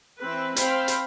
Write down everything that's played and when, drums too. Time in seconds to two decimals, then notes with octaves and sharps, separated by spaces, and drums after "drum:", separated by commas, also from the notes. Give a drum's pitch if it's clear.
0.20 E3 C4 B4
0.56 C4 C5 F5 G5 B5 C6, drum: hi-hat
0.88 drum: hi-hat